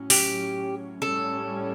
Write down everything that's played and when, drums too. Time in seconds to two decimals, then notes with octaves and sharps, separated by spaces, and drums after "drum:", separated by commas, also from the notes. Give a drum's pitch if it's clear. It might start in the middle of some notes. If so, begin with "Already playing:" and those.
Already playing: A2 F#3 C#4
0.10 G4, drum: open hi-hat
1.02 A2 G3 C#4 A4